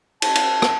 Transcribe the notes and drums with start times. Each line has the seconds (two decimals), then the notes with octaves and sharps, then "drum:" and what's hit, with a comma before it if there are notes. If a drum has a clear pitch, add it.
0.22 A5, drum: cymbal
0.35 drum: cymbal
0.62 drum: rim click